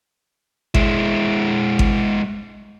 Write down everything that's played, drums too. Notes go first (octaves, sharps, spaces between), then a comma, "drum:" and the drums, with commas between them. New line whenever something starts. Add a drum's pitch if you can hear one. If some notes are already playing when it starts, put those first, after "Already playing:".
G#3 E4, drum: kick G#1
drum: kick G#1